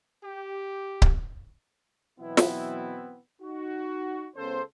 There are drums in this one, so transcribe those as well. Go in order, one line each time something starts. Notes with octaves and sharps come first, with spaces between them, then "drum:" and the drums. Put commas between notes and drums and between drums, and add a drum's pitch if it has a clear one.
G4
drum: kick C#1
B2 E3 F#3 B3 C4 E4
drum: snare
D#4 F#4
C#2 C#3 B3 A4 C5